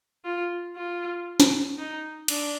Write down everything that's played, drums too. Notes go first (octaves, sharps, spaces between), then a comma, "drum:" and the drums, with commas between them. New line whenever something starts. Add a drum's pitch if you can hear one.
F4
F4
drum: snare
D#4
D4, drum: cymbal